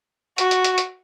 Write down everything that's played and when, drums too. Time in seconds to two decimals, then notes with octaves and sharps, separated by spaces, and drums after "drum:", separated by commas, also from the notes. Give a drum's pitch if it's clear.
0.38 F#4, drum: hi-hat
0.51 drum: hi-hat
0.64 drum: hi-hat
0.78 drum: hi-hat